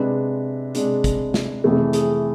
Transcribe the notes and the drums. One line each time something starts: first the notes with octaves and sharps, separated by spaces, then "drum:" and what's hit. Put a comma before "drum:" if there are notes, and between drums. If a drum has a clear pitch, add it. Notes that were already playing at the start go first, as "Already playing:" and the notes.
Already playing: C3 G#3 D4 B4
C3 G#3 D4, drum: hi-hat
drum: kick, hi-hat
drum: snare
F2 C3 E3 A3 G#4
G#4, drum: hi-hat